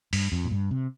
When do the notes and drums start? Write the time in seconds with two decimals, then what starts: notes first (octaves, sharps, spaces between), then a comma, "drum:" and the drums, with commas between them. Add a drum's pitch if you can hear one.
0.13 G2, drum: open hi-hat
0.32 F2
0.45 A#2
0.51 G2
0.71 C3